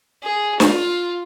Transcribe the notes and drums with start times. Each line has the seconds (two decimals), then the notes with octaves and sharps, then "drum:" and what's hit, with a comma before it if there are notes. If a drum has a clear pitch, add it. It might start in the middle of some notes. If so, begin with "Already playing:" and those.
0.23 G#4
0.60 F4, drum: snare